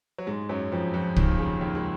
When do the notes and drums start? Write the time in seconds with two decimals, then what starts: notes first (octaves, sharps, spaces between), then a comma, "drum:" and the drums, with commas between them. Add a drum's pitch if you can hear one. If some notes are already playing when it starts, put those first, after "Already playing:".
0.18 F#3
0.27 G#2 G#3
0.49 F#2 F#3
0.72 F2 F3
0.94 F2 F3
1.16 D#2 D#3, drum: kick
1.39 C#3
1.61 D#2 D#3
1.75 G#3